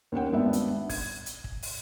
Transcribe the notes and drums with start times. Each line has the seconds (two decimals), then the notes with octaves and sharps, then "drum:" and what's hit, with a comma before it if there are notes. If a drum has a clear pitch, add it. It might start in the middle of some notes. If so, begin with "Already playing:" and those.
0.12 D#2 C#4 F#5 G5
0.32 G#1 G2 B3 D4 E5
0.53 drum: hi-hat
0.90 G#6, drum: kick, open hi-hat
1.26 drum: hi-hat
1.44 drum: kick
1.62 drum: open hi-hat